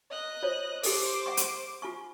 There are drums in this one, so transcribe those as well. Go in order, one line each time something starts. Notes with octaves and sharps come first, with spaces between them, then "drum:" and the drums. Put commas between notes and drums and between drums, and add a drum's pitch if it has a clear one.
D#5 F#6
F4 C5 C#5
G4 A4 A#4 C5 D6, drum: open hi-hat
F#5 G5 C#6
drum: hi-hat
F4 G#5 C#6